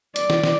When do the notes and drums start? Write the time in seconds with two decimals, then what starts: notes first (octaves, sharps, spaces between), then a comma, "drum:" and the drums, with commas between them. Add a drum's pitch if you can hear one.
0.16 D5, drum: hi-hat
0.30 drum: snare
0.44 drum: snare